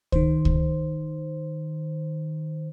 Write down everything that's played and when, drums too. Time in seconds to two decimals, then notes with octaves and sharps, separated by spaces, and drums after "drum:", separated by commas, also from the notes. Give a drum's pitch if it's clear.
0.12 D#3 C5, drum: kick C#2
0.45 drum: kick C#2